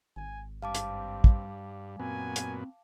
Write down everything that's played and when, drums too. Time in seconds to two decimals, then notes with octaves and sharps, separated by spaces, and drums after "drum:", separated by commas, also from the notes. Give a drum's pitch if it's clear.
0.16 G#1 G#5
0.62 G2 C4 F5 A5 D6
0.75 drum: hi-hat
1.24 G3, drum: kick
2.00 F#2 A#2 B3 C4 G#5
2.36 drum: hi-hat